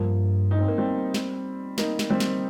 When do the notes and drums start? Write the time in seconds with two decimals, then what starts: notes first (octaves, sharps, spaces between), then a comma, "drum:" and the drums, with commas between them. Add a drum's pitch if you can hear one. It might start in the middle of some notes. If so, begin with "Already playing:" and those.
Already playing: G2 F3 A#3
0.51 D#4
0.60 C4
0.68 A#3
0.78 G3 C4
1.14 drum: snare
1.78 A#3 D#4, drum: snare
1.99 drum: snare
2.10 G3 C4
2.20 drum: snare